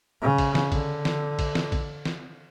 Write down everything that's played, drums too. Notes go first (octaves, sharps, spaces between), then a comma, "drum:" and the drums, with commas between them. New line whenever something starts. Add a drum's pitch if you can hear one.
C#3
drum: kick, cymbal
drum: snare
D3, drum: kick, cymbal
drum: snare
drum: kick, cymbal
drum: snare
drum: kick, cymbal
drum: snare